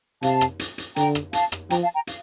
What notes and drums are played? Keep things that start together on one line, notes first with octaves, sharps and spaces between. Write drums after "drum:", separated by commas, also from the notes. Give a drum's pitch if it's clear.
C3 F5 A5, drum: hi-hat
drum: rim click
drum: hi-hat
drum: hi-hat
D3 G5 A#5, drum: hi-hat
drum: rim click
F5 A5, drum: hi-hat
drum: rim click
F3 G5 A#5, drum: hi-hat
F5 A5
G5 A#5
F5, drum: hi-hat